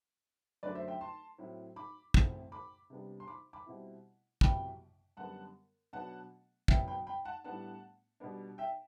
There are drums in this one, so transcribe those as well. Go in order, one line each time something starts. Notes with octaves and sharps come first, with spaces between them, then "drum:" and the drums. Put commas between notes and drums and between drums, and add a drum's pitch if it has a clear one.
F#2 D3 F#3 A3 D4 B4 D5
C5 E5
E5 G5
A5 C6
A2 F#3 C4 E4
B5 D6
A2 E3 A3 C4 E4, drum: kick
B5 D6
C3 G3 B3 D4
C6
B5 D6
B5 D6
B2 G3 C4 E4
C3 F#3 B3 E4 G5 B5, drum: kick
F#2 D3 G3 B3 F#5 A5
B2 F#3 B3 D4 F#5 A5
B2 F#3 B3 E5 G5, drum: kick
G5 B5
G5 B5
F#5 A5
A2 G3 B3 D4 F#5 A5
B2 G3 B3 D4
E5 G5